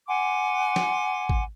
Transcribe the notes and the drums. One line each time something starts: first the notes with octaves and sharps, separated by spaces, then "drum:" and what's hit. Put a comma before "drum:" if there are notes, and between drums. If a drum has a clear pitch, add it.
F#5 G#5 C6 D6
drum: snare
drum: kick G#1